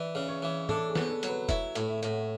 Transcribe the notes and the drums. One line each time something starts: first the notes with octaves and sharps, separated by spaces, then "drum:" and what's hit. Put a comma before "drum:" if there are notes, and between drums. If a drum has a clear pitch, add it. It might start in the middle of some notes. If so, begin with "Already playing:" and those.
Already playing: E3 D5
C#3
C#5
E3
D4 A4, drum: tom
G#4
B3, drum: snare
A4
F#3, drum: hi-hat
B4
E4 C#5, drum: kick, hi-hat
A2, drum: hi-hat
E5
A2, drum: hi-hat
F#5